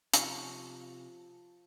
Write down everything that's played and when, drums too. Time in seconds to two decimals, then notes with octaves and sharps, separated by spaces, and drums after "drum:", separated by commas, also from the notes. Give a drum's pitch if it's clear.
0.14 C3 F3 C#4 D#4 A5 C#6, drum: hi-hat